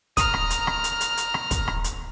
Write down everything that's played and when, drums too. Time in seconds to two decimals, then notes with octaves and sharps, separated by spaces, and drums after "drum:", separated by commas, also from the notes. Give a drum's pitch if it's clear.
0.17 A#5 D#6 F6, drum: kick, hi-hat
0.34 drum: rim click
0.50 drum: hi-hat
0.67 drum: rim click
0.84 drum: hi-hat
1.01 drum: hi-hat
1.17 drum: hi-hat
1.34 drum: rim click
1.51 drum: kick, hi-hat
1.68 drum: rim click
1.84 drum: hi-hat